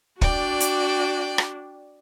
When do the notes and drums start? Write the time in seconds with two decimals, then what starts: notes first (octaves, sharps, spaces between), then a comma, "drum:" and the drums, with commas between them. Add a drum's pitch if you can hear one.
0.21 D4 F#4 D5 G5, drum: kick
0.60 drum: hi-hat
1.38 drum: rim click